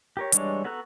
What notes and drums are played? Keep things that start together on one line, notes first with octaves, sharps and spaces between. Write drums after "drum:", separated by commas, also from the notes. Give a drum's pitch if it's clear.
G4 A#4 C#5
E3 G3 G#3 D4 C#5, drum: hi-hat
B3 F#4 A4 A#5 F#6